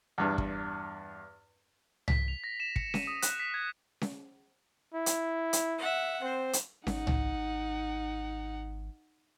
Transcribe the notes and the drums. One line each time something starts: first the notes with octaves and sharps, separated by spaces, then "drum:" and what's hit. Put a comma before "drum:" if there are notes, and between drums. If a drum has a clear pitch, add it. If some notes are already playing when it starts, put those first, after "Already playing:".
E2 G2
drum: kick
B6, drum: tom C2
F7
A#6
E7
C#7, drum: kick
D#7, drum: snare C#4
D#6
F#6, drum: hi-hat
B6
G#6
drum: snare C#4
E4
drum: hi-hat
drum: hi-hat
E5 F#5
C4 C5
drum: hi-hat
G#1 D#4 F#5, drum: snare C#4
drum: tom C2